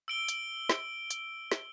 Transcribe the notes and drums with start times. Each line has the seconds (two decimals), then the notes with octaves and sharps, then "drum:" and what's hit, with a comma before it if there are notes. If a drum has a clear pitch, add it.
0.08 E6 D7 G7
0.28 drum: hi-hat
0.69 drum: snare
1.11 drum: hi-hat
1.52 drum: snare